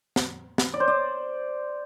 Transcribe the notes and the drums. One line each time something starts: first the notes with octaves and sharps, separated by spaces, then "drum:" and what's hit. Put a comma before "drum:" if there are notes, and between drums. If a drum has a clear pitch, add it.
drum: snare
drum: snare
D5
C5
D5